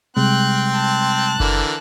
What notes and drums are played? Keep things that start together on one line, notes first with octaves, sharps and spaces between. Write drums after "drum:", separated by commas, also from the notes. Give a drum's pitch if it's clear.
C3 G3 G#3 C4 G5 F#6
A5 F#6
D3 E3 A#4, drum: kick F#1